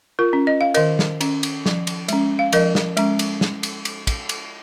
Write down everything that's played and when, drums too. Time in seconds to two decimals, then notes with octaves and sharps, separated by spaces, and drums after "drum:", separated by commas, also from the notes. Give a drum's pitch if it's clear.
0.19 F4 A#4
0.33 C#4
0.47 D#5
0.61 F5
0.74 D#3 A#4 D#5, drum: cymbal
0.99 drum: snare
1.21 C#4, drum: cymbal
1.43 drum: cymbal
1.66 F3, drum: snare
1.87 drum: cymbal
2.08 G#3 C#4, drum: cymbal
2.39 F5
2.53 F3 A#4 D#5, drum: cymbal
2.75 drum: snare
2.97 G#3 C#4, drum: cymbal
3.19 drum: cymbal
3.41 drum: snare
3.63 drum: cymbal
3.85 drum: cymbal
4.07 drum: kick, cymbal
4.29 drum: cymbal